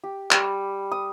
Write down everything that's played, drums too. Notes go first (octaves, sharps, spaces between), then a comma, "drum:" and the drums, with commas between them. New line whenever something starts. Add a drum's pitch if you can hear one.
G4
G3, drum: clap
D#6